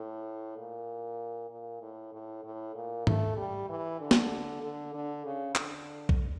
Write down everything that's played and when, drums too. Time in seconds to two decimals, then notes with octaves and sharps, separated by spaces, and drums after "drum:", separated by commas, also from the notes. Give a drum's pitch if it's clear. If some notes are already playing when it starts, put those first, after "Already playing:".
Already playing: A2
0.57 A#2
1.50 A#2
1.81 A2
2.13 A2
2.44 A2
2.75 A#2
3.07 A3, drum: tom G#2
3.37 G3
3.69 E3
4.00 D3
4.11 drum: snare
4.62 D3
4.94 D3
5.25 C#3
5.55 D3, drum: clap
6.09 drum: kick B1